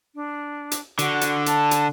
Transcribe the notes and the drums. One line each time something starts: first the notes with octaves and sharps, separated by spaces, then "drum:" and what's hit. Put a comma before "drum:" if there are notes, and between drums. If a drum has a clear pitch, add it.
D4
drum: hi-hat
D3 F#4, drum: hi-hat
drum: hi-hat
A5, drum: hi-hat
drum: hi-hat